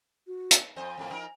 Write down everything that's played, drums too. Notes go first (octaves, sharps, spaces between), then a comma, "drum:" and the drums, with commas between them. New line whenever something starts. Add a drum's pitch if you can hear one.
F#4
drum: hi-hat
F2 C5 D#5 G#5
F2 A2 A#3
F3 D#4 A#4